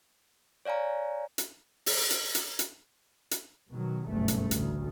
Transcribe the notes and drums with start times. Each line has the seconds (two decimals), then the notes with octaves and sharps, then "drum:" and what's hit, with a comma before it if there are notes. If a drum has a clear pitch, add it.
0.65 C#5 D5 F5 G#5 A#5
1.38 drum: hi-hat
1.86 drum: open hi-hat
2.10 drum: hi-hat
2.35 drum: hi-hat
2.59 drum: hi-hat
3.31 drum: hi-hat
3.71 B2 D#3 F#3
4.07 F#1 B1 G2 A3
4.28 drum: hi-hat
4.51 A1 D2, drum: hi-hat